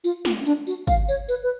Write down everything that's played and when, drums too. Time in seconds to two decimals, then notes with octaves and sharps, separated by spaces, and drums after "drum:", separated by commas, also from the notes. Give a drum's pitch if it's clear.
0.04 F4, drum: tambourine
0.25 F4, drum: snare
0.41 C#4
0.46 D4, drum: tambourine
0.67 F#4, drum: tambourine
0.87 F5, drum: kick, tambourine
1.09 C#5, drum: tambourine
1.28 B4, drum: tambourine
1.43 B4